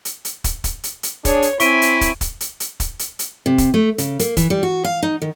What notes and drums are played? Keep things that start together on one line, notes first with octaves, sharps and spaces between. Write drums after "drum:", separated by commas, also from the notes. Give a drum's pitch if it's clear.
drum: hi-hat
drum: hi-hat
drum: kick, hi-hat
drum: kick, hi-hat
drum: hi-hat
drum: hi-hat
D4 G#4 C#5, drum: kick, hi-hat
drum: hi-hat
C4 E4 G#5 C#6 B6 D7 D#7, drum: hi-hat
drum: hi-hat
drum: kick, hi-hat
drum: kick, hi-hat
drum: hi-hat
drum: hi-hat
drum: kick, hi-hat
drum: hi-hat
drum: hi-hat
C3
drum: kick, hi-hat
A3
C#3, drum: hi-hat
A#3, drum: hi-hat
E3, drum: kick, hi-hat
G3
F#4
F5
D#4
D#3